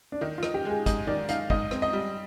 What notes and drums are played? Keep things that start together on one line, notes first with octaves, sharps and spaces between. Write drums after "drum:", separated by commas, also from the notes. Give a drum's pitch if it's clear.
D4
D#3 D#4
F4
D#4, drum: rim click
G4
G#3 G#4
G#2 D#5, drum: kick, hi-hat
D#3 D5
D#4 F5, drum: hi-hat
G#2 D#5, drum: kick
C4, drum: rim click
D#5
G3